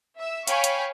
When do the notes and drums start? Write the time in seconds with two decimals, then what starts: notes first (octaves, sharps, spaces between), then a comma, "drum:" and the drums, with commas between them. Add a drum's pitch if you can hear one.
0.18 E5 E6
0.47 C#5 F5 G5 G#5 B5 C#6, drum: hi-hat
0.64 drum: hi-hat